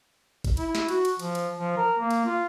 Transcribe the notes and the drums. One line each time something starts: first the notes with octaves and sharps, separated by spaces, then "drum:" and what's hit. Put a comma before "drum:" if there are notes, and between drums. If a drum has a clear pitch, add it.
drum: kick, cymbal
E4, drum: cymbal
drum: snare
F#4, drum: cymbal
drum: cymbal
F3, drum: cymbal
drum: cymbal
F3
A#4
A#3
drum: cymbal
F4